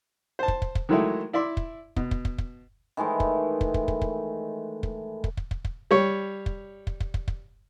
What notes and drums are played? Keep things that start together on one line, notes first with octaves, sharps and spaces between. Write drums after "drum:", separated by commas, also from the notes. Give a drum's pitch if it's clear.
C5 A5
drum: kick
drum: kick
drum: kick
D#3 E3 F#3 G#3 A3 E4
E4 D5 E5 C6
drum: kick
B2, drum: kick
drum: kick
drum: kick
drum: kick
D#3 E3 G#3 A3
drum: kick
drum: kick
drum: kick
drum: kick
drum: kick
drum: kick
drum: kick
drum: kick
drum: kick
drum: kick
G3 C#5
drum: kick
drum: kick
drum: kick
drum: kick
drum: kick